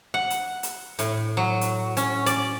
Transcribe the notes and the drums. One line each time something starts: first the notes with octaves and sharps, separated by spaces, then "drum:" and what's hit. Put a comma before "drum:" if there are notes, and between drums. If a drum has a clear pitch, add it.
F#5
drum: hi-hat
drum: hi-hat
A2, drum: hi-hat
F#3
drum: hi-hat
C#4, drum: hi-hat
D5, drum: hi-hat